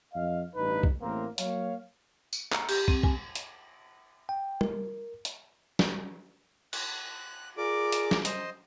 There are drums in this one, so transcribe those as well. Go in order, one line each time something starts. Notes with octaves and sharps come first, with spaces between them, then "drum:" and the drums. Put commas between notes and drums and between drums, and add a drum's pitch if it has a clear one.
F2 D#5 F5
A1 G2 D#4 B4
drum: kick
A1 A2 A#3 C4 A#4
F#3 A#3 C#5 F5, drum: hi-hat
drum: tambourine
A#5, drum: clap
G4, drum: cymbal
C4, drum: kick
G#5, drum: kick
drum: hi-hat
G5
A#4, drum: tom
drum: hi-hat
drum: snare
F#6, drum: cymbal
F4 G#4 A#4 D5 D6
drum: hi-hat
drum: snare
C5 D#5, drum: hi-hat